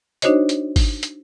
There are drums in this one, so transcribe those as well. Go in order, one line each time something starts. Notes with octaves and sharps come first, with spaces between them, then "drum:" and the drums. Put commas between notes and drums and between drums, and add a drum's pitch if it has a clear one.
D4 D#4 F#4 C5 C#5 D#5, drum: hi-hat
drum: hi-hat
drum: kick, open hi-hat
drum: hi-hat